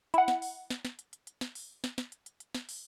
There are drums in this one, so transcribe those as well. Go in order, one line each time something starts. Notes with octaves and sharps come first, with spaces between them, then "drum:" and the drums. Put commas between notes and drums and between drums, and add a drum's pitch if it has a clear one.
E4 F#5, drum: hi-hat
drum: snare
drum: open hi-hat
drum: snare
drum: snare
drum: hi-hat
drum: hi-hat
drum: hi-hat
drum: snare
drum: open hi-hat
drum: snare
drum: snare
drum: hi-hat
drum: hi-hat
drum: hi-hat
drum: snare
drum: open hi-hat